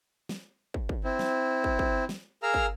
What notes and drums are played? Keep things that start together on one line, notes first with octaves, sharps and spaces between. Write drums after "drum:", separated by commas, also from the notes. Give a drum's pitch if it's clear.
drum: snare
drum: kick
drum: kick
C4 E4
drum: snare
drum: kick
drum: kick
drum: snare
G#4 A#4 F5 A#5 E6 F6
drum: kick